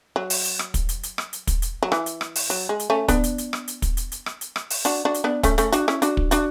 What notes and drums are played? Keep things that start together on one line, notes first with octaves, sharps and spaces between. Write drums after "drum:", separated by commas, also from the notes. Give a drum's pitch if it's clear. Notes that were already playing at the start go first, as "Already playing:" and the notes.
F#3
drum: open hi-hat
drum: hi-hat
drum: rim click
drum: kick, hi-hat
drum: hi-hat
drum: hi-hat
drum: rim click
drum: hi-hat
drum: kick, hi-hat
drum: hi-hat
F#3
E3, drum: rim click
drum: hi-hat
drum: rim click
drum: open hi-hat
F#3, drum: hi-hat
G#3
drum: hi-hat
A3 C#4
B3 D4, drum: kick, hi-hat
drum: hi-hat
drum: hi-hat
drum: rim click
drum: hi-hat
drum: kick, hi-hat
drum: hi-hat
drum: hi-hat
drum: rim click
drum: hi-hat
drum: rim click
drum: open hi-hat
D4 F#4, drum: hi-hat
D4 F#4
drum: hi-hat
B3 D4
A3 C#4, drum: kick, hi-hat
A3 C#4, drum: hi-hat
D4 F#4, drum: hi-hat
C#4 E4, drum: rim click
D4 F#4, drum: hi-hat
drum: kick
D4 F#4, drum: hi-hat